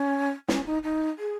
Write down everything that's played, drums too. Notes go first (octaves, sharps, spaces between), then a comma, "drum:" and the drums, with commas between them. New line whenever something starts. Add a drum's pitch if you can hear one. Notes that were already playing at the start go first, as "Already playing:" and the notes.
Already playing: C#4
C#4, drum: snare
D#4
D#4
G#4